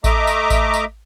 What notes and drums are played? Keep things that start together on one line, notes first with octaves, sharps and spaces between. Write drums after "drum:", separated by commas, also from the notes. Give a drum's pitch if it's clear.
A3 D#5 E5 A#5 D6, drum: kick A1, tambourine
drum: tambourine
drum: kick A1, tambourine
drum: tambourine